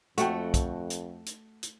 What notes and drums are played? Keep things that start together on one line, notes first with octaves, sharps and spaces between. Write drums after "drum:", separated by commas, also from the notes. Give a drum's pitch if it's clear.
F2 A3 F#4 F#5 G5, drum: hi-hat
drum: kick, hi-hat
drum: hi-hat
drum: hi-hat
drum: hi-hat